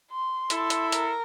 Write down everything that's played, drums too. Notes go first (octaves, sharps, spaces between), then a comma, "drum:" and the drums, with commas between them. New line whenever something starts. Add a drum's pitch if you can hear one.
C6
E4 A4, drum: hi-hat
drum: hi-hat
A#4, drum: hi-hat